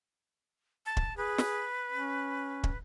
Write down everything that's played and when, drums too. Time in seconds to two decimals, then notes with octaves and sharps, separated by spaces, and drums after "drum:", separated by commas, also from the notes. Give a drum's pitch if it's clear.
0.86 A5
0.97 drum: kick
1.17 G#4 B4
1.38 drum: snare
1.92 C#4
2.64 drum: kick